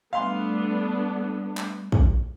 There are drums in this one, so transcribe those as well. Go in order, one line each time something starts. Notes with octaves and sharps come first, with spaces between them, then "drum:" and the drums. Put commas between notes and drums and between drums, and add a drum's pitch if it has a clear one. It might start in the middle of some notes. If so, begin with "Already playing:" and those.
G3 A3 B3 D4 F5 C6
drum: clap
drum: kick